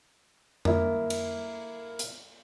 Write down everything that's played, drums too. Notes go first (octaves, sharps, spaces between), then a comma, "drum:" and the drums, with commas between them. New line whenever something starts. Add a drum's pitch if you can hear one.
A#3 E4, drum: tom F2
drum: cymbal
drum: hi-hat